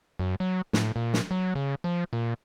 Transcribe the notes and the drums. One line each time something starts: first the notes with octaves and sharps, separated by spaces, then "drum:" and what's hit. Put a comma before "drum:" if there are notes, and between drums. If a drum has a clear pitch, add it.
F#2
F#3
A2, drum: snare
A#2
drum: snare
F#3
C#3
F3
A#2